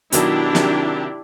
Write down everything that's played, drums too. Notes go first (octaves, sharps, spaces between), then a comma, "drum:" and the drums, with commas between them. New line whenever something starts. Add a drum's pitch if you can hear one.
B2 D#3 F#3 D4 E4 G4, drum: hi-hat
C3 D#3 F#3, drum: snare